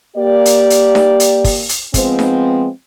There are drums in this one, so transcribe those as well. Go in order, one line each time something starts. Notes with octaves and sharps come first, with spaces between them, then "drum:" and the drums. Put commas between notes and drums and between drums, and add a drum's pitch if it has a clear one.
A#3 G4 D5
drum: hi-hat
drum: hi-hat
drum: snare D#4
drum: hi-hat
drum: kick, open hi-hat
drum: hi-hat
F3 G#3 B3 C4, drum: kick, hi-hat
drum: snare D#4